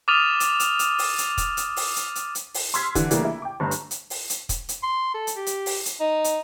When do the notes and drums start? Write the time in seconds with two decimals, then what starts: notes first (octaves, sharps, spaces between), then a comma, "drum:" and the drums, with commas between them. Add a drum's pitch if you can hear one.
0.08 D6 D#6 F6 A6 D#7 F7
0.40 drum: hi-hat
0.60 drum: hi-hat
0.79 drum: hi-hat
0.99 drum: open hi-hat
1.18 drum: hi-hat
1.38 drum: kick, hi-hat
1.57 drum: hi-hat
1.76 drum: open hi-hat
1.96 drum: hi-hat
2.15 drum: hi-hat
2.35 drum: hi-hat
2.54 drum: open hi-hat
2.74 C6 E6 F6 G#6 B6, drum: hi-hat
2.95 D3 E3, drum: kick, hi-hat
3.11 C#3 E3 G3 A3 A#3 D4, drum: hi-hat
3.25 E4
3.42 G5 D6
3.60 G1 G2 A#5
3.71 drum: hi-hat
3.91 drum: hi-hat
4.10 drum: open hi-hat
4.30 drum: hi-hat
4.49 drum: kick, hi-hat
4.69 drum: hi-hat
4.83 C6
5.14 A4
5.27 drum: hi-hat
5.36 G4
5.46 drum: hi-hat
5.66 drum: open hi-hat
5.85 drum: hi-hat
6.00 D#4
6.24 drum: hi-hat